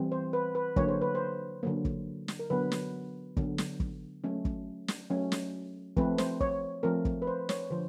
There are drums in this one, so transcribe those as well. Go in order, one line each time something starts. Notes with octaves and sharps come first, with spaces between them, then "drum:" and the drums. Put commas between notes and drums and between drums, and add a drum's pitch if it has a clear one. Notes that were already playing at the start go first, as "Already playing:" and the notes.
Already playing: E3 G3 C4
C5
B4
B4
D3 F#3 A#3 C#5, drum: kick
C5
B4
C5
D3 F#3 A#3
drum: kick
drum: snare
A#4
D3 F#3 B3 B4
drum: snare
D3 F#3 B3, drum: kick
drum: snare
drum: kick
F#3 A3 C#4
drum: kick
drum: snare
F#3 A3 C#4
drum: snare
F3 A3 C4 B4, drum: kick
C5, drum: snare
C#5, drum: kick
F3 A3 C4 A#4
drum: kick
B4
C5
C#5, drum: snare
D3 F3 C5